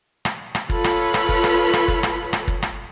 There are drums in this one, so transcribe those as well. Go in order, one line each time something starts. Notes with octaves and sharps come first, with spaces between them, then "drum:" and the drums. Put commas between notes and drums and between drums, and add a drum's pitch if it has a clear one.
drum: rim click
drum: rim click
F4 A4 B4 C#5 B5, drum: kick
drum: rim click
drum: rim click
drum: kick
drum: rim click
drum: rim click
drum: kick
drum: rim click
drum: rim click
drum: kick
drum: rim click